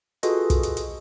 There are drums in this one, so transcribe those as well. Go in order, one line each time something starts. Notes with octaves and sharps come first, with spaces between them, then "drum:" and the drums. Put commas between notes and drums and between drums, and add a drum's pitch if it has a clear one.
F4 F#4 G#4 A4 B4 D#5, drum: hi-hat
drum: kick, hi-hat
drum: hi-hat
drum: hi-hat